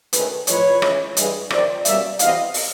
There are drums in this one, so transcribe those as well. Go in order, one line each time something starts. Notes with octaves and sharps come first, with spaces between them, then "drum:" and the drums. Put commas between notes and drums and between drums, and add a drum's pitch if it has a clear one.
D2 C3 D#3 G#3 C#4 A4 B4, drum: hi-hat
A2 F3 G#3 B4 C#5, drum: hi-hat
C#2 C#3 E3 G#3, drum: rim click
G2 E3 G#3, drum: hi-hat
F2 C3 D#3 C5 D5, drum: rim click
B2 G3 A#3 C#4 D5 E5, drum: hi-hat
E2 B2 G3 C4 D#5 F5, drum: hi-hat
drum: open hi-hat